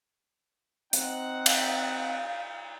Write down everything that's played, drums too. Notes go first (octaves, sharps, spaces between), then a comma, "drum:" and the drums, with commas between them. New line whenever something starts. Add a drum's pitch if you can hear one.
C4 D#4 F#5, drum: hi-hat
F5, drum: cymbal